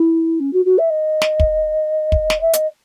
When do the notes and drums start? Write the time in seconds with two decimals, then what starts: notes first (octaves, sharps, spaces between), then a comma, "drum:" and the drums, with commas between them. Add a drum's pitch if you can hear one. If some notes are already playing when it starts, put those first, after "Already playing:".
Already playing: E4
0.40 C#4
0.53 F#4
0.65 F#4
0.78 E5
0.90 D#5
1.22 drum: snare
1.40 drum: kick
2.12 drum: kick
2.30 drum: snare
2.41 E5
2.53 D#5, drum: hi-hat